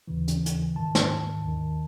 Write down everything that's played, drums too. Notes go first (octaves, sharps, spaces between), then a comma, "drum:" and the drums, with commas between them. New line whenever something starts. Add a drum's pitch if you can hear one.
D#2 C#3 E3
drum: hi-hat
drum: hi-hat
G#2 D#3 A5
drum: snare
D#2 D#3